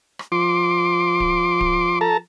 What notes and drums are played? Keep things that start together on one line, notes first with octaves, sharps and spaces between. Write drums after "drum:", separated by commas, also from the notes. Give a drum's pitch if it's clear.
drum: rim click
F3 C6 D6
drum: kick D1
drum: kick D1
A4 A5 A#5